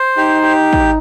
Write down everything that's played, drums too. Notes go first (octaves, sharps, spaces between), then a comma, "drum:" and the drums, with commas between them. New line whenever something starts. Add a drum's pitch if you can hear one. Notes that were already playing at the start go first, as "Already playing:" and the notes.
Already playing: C5
D#4 G4
G4
drum: kick